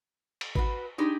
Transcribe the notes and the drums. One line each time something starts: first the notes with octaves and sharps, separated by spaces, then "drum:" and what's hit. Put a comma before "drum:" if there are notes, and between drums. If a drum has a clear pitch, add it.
drum: cymbal
F#4 B4, drum: kick G#1
D4 D#4 G4 G#4 B5 C6